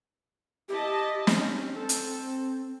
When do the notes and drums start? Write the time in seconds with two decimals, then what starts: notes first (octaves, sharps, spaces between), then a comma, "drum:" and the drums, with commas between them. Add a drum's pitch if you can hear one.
0.69 E4 G4 D#5 A5
1.27 C4 C#4, drum: snare
1.74 C4 A4
1.89 drum: hi-hat